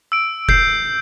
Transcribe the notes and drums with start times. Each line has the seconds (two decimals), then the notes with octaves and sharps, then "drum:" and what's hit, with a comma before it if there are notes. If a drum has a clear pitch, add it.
0.12 E6 D7
0.49 G6 C7, drum: kick F1